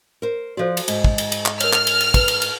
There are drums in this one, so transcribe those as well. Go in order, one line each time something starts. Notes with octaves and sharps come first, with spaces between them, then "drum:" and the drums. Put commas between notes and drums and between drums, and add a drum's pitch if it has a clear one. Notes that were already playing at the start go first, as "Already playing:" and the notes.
A#4 C5
F3 F#4 A4 C5 D5
drum: cymbal
G#2, drum: cymbal
drum: kick
drum: cymbal
drum: cymbal
drum: clap
A#4 C#5 F6, drum: cymbal
drum: clap
drum: cymbal
drum: cymbal
B4, drum: kick, cymbal
drum: cymbal
drum: cymbal